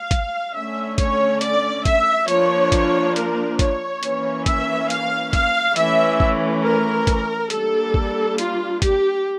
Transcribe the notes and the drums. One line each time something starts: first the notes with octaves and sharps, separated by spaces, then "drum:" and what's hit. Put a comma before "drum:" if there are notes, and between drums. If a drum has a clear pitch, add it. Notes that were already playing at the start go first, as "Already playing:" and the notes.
Already playing: F5
drum: kick G#1, hi-hat
D3 A3 C#4 E5
C#5, drum: kick G#1, hi-hat
D5, drum: hi-hat
E5, drum: kick G#1, hi-hat
F3 A#3 D4 C#5, drum: hi-hat
drum: kick G#1, hi-hat
A#4, drum: hi-hat
C#5, drum: kick G#1, hi-hat
E3 A#3 C#4, drum: hi-hat
E5, drum: kick G#1, hi-hat
F5, drum: hi-hat
F5, drum: kick G#1, hi-hat
E3 A3 C#4 E5, drum: hi-hat
drum: kick G#1
A#4
drum: kick G#1, hi-hat
G3 A#3 D4 A4, drum: hi-hat
drum: kick G#1
F4, drum: hi-hat
G4, drum: kick G#1, hi-hat